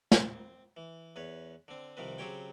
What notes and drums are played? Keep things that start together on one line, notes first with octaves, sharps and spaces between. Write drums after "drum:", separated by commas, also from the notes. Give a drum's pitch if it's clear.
C4, drum: snare
E3
E2 B4 C#5
D3 C4
C2 D#3 F3 C4 B4
C#3 F#3 C4 G4 C#5 G5